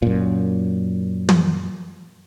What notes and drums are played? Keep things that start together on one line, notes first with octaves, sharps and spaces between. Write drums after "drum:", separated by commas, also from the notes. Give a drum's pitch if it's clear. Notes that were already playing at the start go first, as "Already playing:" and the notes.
F#2 A#2
drum: tom